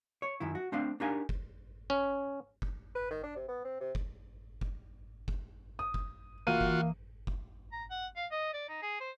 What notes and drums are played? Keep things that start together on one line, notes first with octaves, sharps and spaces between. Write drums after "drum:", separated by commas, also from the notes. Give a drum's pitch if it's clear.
C#5
F#2 D#3 E4
F#4
A3 C4 D4 C5 F5
D4 D#4 G4 A#4 F5 G#5
drum: kick F#1
C#4
drum: kick F#1
B4
D#3
D4
C3
B3
C4
C3
drum: kick F#1
drum: kick F#1
drum: kick F#1
D#6
drum: kick F#1
E3 A#3 F4 F#4 D#7
drum: kick F#1
drum: kick F#1
A#5
F#5
F5
D#5
D5
D#4
G#4
C5